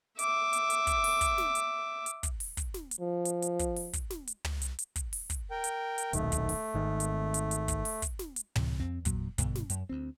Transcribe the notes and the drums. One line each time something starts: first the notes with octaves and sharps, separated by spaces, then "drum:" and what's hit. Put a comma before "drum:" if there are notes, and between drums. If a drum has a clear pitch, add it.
E5 D6, drum: hi-hat
drum: hi-hat
drum: hi-hat
drum: kick, hi-hat
drum: open hi-hat
drum: kick, hi-hat
drum: snare
drum: hi-hat
drum: hi-hat
drum: kick, hi-hat
drum: open hi-hat
drum: kick, hi-hat
drum: snare
drum: hi-hat
F3
drum: hi-hat
drum: hi-hat
drum: kick, hi-hat
drum: open hi-hat
drum: kick, hi-hat
drum: snare
drum: hi-hat
drum: tom
drum: hi-hat
drum: hi-hat
drum: kick, hi-hat
drum: open hi-hat
drum: kick, hi-hat
A#4 G5
drum: hi-hat
drum: hi-hat
D#1 B1 D#3 A3, drum: hi-hat
drum: kick, hi-hat
drum: open hi-hat
G#1 D#3
drum: hi-hat
drum: hi-hat
drum: hi-hat
drum: kick, hi-hat
drum: open hi-hat
drum: kick, hi-hat
drum: snare
drum: hi-hat
A2 C3 E3, drum: tom
F2 C4
E2 A#2 F#3, drum: kick, hi-hat
G2 B2 D3, drum: kick, hi-hat
drum: snare
F#2, drum: hi-hat
D2 C4